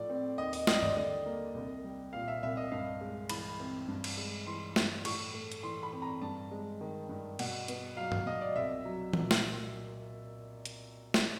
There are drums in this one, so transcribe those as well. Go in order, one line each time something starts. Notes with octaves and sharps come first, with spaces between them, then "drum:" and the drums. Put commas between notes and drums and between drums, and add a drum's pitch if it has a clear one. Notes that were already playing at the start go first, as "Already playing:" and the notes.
Already playing: A2 F3 A3 D5
C4
D#2 D#5
D#5, drum: open hi-hat
G3 D#5, drum: snare
D5, drum: tom G2
D3 D#5
A#3
C2
G3
A#2 F5
E5
C2 E5
D#5
G2 F5
G#3
E3 B5, drum: cymbal
C4
G2
drum: cymbal
G#3
E3 C6
G2, drum: snare
A2 C#6, drum: cymbal
A3
drum: hi-hat
E3 C6
B5
C4
A#5
G2 A5
G#3
D#3
G2
B2 F#5, drum: cymbal
B3, drum: hi-hat
F#3 F5
drum: tom G2
B2 D#5
D5
C2 E5
F#3
A#2, drum: tom E3
drum: snare
drum: hi-hat
drum: snare